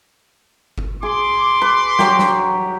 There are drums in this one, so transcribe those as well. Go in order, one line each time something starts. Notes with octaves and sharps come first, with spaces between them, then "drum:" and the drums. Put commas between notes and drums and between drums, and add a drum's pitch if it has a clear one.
drum: kick G1
G#4 C6 D6
B4
F#3 G4, drum: snare
drum: snare